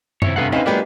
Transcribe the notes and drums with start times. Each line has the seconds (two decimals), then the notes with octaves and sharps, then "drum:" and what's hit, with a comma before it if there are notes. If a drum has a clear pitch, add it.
0.22 C3 E4 C#5, drum: tom F#2
0.36 F1 C2 G2 B4 F5 F#5
0.52 C4 C#4 D#4 B4 E5 F5
0.66 F#3 G#3 A#3 B3 D4 F4 G4 B4